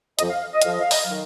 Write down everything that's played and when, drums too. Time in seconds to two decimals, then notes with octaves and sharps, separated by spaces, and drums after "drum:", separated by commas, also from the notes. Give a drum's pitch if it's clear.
0.19 F2 F3 D#5, drum: hi-hat
0.30 F5
0.40 F5
0.52 D#5
0.62 F2 F3 F5, drum: hi-hat
0.72 D#5
0.81 F5
0.91 D#5, drum: open hi-hat
1.02 D#3 F#3 F5